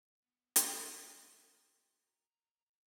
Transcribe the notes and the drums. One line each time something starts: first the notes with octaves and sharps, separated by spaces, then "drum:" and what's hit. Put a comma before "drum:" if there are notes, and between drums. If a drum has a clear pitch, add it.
B3
drum: hi-hat
F#4 B4
A#5